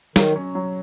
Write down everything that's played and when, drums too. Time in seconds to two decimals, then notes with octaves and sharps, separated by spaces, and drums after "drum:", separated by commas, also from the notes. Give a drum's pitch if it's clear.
0.16 D#3 F#3, drum: snare
0.36 C#4
0.55 F#3